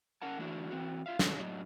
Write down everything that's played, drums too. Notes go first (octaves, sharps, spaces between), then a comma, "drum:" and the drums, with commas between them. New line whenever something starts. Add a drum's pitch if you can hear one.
C#4 A#4 F#5 A5
D3 E3 A3 D4 F#4
E3 C4 F#4
F4 E5 F5
D3 D#3 F#3 C#4 A4, drum: snare
F#2 A2 F#3 D4 D#5